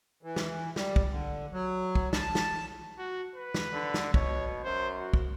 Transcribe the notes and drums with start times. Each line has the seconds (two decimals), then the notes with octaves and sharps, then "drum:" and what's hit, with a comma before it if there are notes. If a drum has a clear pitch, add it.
0.23 E3
0.36 drum: snare
0.76 G3, drum: snare
0.96 drum: kick
1.11 D3
1.52 F#3
1.95 drum: kick
2.13 A5, drum: snare
2.35 drum: snare
2.98 F#4
3.35 B4
3.54 drum: snare
3.73 D3
3.94 drum: snare
4.14 B2 C#5, drum: kick
4.64 F#2 C5
4.99 F#4
5.13 drum: kick